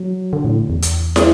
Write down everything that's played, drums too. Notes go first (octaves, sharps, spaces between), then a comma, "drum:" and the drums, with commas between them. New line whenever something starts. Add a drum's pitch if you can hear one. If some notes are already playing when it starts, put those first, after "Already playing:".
Already playing: F#3
D3
A2
E2
drum: hi-hat
drum: snare